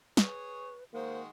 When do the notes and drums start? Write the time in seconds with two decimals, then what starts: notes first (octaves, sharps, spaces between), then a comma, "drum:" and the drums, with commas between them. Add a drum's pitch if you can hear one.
0.17 G#4 B4 C#5, drum: snare
0.94 D#3 G#3 A#3 F#4 C5